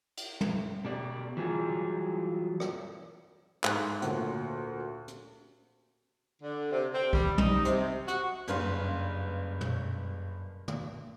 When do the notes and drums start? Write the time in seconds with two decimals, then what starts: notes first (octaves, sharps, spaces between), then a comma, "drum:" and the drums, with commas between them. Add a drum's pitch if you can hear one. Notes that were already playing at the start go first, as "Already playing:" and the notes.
0.17 drum: cymbal
0.41 drum: tom
0.85 B2 G4 D5
1.37 E3 F#3 G3 F4 G#4
2.60 drum: rim click
3.64 G#2 F#6, drum: clap
4.02 D2 A#2 F#4 C#5, drum: hi-hat
5.08 drum: hi-hat
6.42 D3
6.71 C3
6.94 C4
7.13 G3, drum: kick B1
7.38 D#4, drum: tom
7.65 C3, drum: hi-hat
8.08 F#4, drum: hi-hat
8.48 F#1 G2 B4 F5 C6, drum: hi-hat
9.61 drum: tom
10.68 drum: tom